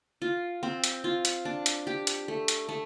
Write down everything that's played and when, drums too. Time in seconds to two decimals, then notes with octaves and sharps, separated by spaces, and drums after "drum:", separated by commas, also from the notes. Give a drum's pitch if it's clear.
0.22 F4
0.63 C4
0.84 drum: hi-hat
1.04 F4
1.25 drum: hi-hat
1.45 D4
1.66 drum: hi-hat
1.87 G4
2.07 drum: hi-hat
2.28 A3
2.48 drum: hi-hat
2.69 A3